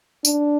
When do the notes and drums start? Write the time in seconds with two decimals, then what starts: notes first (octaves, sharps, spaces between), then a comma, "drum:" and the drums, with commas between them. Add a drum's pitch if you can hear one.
0.25 D4, drum: tambourine